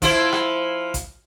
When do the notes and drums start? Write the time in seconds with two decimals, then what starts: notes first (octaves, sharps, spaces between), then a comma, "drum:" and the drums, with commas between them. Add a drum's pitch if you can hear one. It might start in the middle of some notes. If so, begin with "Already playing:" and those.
0.02 F3 E4 C5, drum: kick A1, hi-hat
0.33 drum: rim click
0.94 drum: kick A1, hi-hat